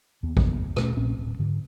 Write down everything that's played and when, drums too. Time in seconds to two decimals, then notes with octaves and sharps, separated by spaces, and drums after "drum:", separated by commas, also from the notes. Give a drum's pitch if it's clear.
0.23 D#2 B3
0.37 drum: kick A1
0.76 B2 A3 C#4, drum: rim click
0.97 A#1 A#2 C4 C#4
1.19 D1
1.39 G#2 D3